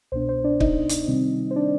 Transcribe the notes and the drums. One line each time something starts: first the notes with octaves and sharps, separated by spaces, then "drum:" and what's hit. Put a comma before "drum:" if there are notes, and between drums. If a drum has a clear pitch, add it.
C2 B2 B3 D4 C5
C5
D4 D5
D#4 D#5, drum: kick
drum: hi-hat
C3 D#3 G3 C4
C5
D4 D5